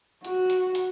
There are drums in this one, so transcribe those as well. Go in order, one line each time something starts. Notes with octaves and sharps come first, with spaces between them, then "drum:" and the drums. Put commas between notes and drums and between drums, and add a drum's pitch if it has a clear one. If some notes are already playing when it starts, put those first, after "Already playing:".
F#4, drum: hi-hat
drum: hi-hat
drum: hi-hat